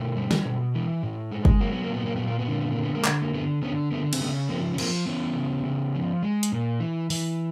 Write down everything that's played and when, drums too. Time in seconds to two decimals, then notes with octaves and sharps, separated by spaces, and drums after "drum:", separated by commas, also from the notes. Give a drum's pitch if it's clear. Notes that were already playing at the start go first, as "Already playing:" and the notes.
Already playing: B2 A3
0.17 G3
0.31 drum: snare
0.45 B2
0.75 E3
1.03 A2
1.32 G#3
1.45 drum: kick
1.60 F#3 A#3
1.72 B3
1.84 A#3
1.90 A#2 B3
2.05 A#3
2.16 A#2 B3
2.27 A#3
2.39 B3
2.47 D3 A#3
2.61 B3
2.71 D3 A#3
2.83 B3
2.95 G#3 A#3
3.05 D3, drum: clap
3.22 A#3
3.34 D3 A3 B3
3.62 D3 B3 C#4
3.91 D3 A3 B3
4.13 C4, drum: cymbal
4.20 C#3 A3 B3
4.49 F3 A#3 C4
4.74 C#4
4.78 F3 A#3 C4, drum: cymbal
5.07 E3 B3 C#4
5.36 C#3
5.65 C#3
5.95 F3
6.23 G#3
6.43 drum: hi-hat
6.52 A#2
6.80 E3
7.10 E3, drum: open hi-hat